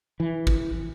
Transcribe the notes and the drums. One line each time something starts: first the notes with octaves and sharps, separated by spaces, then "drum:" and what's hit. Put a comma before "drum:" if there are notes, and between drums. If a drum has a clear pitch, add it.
E3
drum: kick G#1